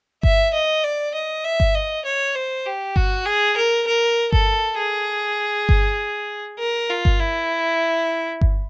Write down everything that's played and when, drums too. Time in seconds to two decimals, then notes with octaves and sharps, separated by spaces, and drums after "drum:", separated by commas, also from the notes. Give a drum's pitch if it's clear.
0.23 E5, drum: kick G1
0.54 D#5
0.84 D5
1.14 D#5
1.45 E5
1.60 drum: kick G1
1.75 D#5
2.05 C#5
2.36 C5
2.66 G4
2.96 F#4, drum: kick G1
3.26 G#4
3.57 A#4
3.87 A#4
4.32 A4, drum: kick G1
4.78 G#4
5.69 drum: kick G1
6.60 A#4
6.90 F4
7.05 drum: kick G1
7.20 E4
8.41 drum: kick G1